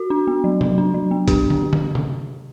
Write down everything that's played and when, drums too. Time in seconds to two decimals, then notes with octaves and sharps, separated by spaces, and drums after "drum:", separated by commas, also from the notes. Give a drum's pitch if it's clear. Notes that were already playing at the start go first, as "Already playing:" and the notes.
Already playing: F#4
0.10 D4
0.27 B3
0.44 F#3
0.61 F#3, drum: tom C3
0.78 D4
0.94 F#3
1.11 B3
1.28 D4 G4, drum: kick, hi-hat
1.50 drum: tom
1.73 drum: tom
1.95 drum: tom C3